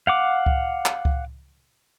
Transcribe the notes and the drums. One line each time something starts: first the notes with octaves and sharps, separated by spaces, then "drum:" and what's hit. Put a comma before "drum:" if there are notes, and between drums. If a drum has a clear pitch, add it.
F5 F#5 D6
drum: kick C#2
drum: clap
drum: kick C#2